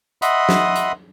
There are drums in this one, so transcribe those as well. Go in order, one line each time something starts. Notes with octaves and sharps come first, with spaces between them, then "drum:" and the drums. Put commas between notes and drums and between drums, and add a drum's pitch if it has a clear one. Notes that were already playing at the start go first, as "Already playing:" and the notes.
D#5 E5 F#5 B5 C6 D#6, drum: hi-hat
drum: snare
drum: hi-hat